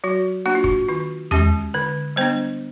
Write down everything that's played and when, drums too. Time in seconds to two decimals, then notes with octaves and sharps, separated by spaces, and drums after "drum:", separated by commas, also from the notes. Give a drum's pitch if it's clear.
0.04 F#3 F#4
0.46 A#3 D4 F#4
0.55 F4
0.64 F#4, drum: kick
0.89 D#3 F4
1.31 G#3 C#4 G4, drum: tom E2
1.74 D3 B4
2.16 G3 B3 D4 C5